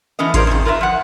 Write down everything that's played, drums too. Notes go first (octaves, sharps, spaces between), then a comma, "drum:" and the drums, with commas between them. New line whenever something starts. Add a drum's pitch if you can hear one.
E3 A3 B3 C#4 D#5
F4 G#4 A#4 C5 D5, drum: kick G#1, hi-hat
F2 B2 D#3
F4 A#4 B4 D5 E5
F3 F#5